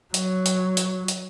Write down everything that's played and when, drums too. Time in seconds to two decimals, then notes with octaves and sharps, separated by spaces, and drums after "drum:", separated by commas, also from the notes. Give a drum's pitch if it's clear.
0.14 F#3, drum: hi-hat
0.46 drum: hi-hat
0.77 drum: hi-hat
1.08 drum: hi-hat